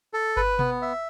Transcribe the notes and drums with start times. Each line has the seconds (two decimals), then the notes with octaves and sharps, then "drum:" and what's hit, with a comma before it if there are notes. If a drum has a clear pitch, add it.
0.14 A4
0.37 B4, drum: kick G1
0.59 B3, drum: tom B2
0.82 E5